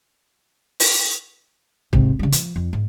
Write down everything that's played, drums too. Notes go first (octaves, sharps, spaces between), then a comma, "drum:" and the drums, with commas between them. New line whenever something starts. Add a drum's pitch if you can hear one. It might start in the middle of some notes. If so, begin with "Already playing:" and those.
drum: open hi-hat
G#2 C3, drum: kick
C#3 G3
F3, drum: hi-hat
F2
G#2